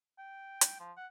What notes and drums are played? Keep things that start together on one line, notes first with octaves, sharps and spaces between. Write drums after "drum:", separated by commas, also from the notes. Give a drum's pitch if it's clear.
G5
drum: hi-hat
F3
F#5